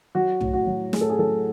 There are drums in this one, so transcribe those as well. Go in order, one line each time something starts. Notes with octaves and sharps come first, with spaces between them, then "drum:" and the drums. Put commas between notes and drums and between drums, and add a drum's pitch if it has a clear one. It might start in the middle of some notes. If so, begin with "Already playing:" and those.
F#3 F#4
A2, drum: tom B1
F#4
F#3
A2 G#4, drum: snare
A4
G#4
F#3 A4